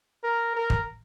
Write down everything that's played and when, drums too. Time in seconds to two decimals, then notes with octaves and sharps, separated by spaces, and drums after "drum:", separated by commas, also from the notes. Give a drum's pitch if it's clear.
0.23 A#4
0.55 A#4
0.70 drum: kick